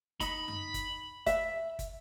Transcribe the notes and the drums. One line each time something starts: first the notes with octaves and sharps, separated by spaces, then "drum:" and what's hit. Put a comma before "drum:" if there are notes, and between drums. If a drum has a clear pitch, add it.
D#4 B5, drum: kick, hi-hat
drum: tom F#2
drum: kick, hi-hat
E5, drum: kick, hi-hat
drum: kick, hi-hat